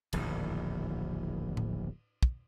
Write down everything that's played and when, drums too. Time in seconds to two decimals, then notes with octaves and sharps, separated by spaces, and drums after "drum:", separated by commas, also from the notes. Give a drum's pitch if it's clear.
0.13 D1 A#1 E2 D#3, drum: cymbal
1.57 drum: tom A2
2.23 drum: kick